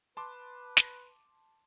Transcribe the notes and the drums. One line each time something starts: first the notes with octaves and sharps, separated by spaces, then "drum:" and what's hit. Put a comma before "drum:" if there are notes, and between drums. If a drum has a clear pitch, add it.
B4 A5 C6 D6
drum: snare